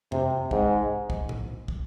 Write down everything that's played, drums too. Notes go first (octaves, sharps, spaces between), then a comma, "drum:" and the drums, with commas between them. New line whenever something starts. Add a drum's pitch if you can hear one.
C3, drum: tom F2
G#2, drum: kick
drum: kick
drum: tom A2
drum: kick